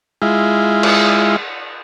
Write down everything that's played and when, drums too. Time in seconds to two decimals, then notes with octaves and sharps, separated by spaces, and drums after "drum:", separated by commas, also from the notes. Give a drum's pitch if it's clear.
0.22 G#3 E4 F4
0.83 drum: cymbal